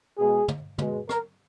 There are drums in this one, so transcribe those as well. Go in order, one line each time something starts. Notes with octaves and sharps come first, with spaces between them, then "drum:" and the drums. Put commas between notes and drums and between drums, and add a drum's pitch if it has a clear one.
B2 G#3 G#4
drum: tom
B2 G#3, drum: tom
A#4, drum: rim click